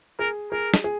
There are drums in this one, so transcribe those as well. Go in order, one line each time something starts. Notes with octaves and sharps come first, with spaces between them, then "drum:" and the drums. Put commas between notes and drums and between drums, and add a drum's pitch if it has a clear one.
G#4 A#4
G#4 A#4
drum: snare
G#4